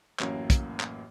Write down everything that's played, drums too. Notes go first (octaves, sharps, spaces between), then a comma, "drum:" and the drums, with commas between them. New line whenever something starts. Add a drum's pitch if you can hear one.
A1 F#2 A2 A#3 C#4 C#5, drum: clap
drum: kick, hi-hat
drum: clap